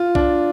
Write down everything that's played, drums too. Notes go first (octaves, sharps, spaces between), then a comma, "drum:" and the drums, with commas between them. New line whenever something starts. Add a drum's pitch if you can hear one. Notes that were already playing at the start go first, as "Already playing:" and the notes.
Already playing: F4
D4, drum: kick B1